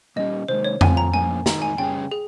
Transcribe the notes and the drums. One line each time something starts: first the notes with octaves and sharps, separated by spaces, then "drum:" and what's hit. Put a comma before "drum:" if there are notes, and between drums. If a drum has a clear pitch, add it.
A#2 G3 C#4 G4 D#5
C3 D#3 G#3 C5
C#5
F3 C4 F4 G#5, drum: tom F2
A#5
A#2 F3 A#3 C#4 G#5
D#3 G#3 D#4 A#5, drum: snare
G#5
C#3 G3 C#4 G#4 G5
G#4